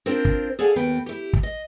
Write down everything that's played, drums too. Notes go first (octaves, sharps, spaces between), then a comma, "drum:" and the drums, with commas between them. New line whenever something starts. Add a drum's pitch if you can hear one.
C4 D4 F4 A#4 C5
drum: kick
G#4 A4 D5 F5 F#5 G#5
D#2 B3 G5
E4 G4
drum: kick
D#5